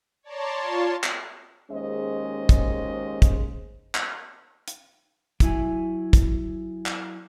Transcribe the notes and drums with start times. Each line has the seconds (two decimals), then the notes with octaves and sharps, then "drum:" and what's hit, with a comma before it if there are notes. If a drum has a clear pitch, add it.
0.23 C#5 D5 A5 A#5 C6
0.53 F4 C#5 A5 C6
1.04 drum: clap
1.71 D#2 G#3 C#4 G#4 C5 D#5
2.49 drum: kick, hi-hat
3.22 drum: kick, hi-hat
3.95 drum: clap
4.68 drum: hi-hat
5.40 F#3 E4 G#5, drum: kick, hi-hat
6.13 drum: kick, hi-hat
6.86 drum: clap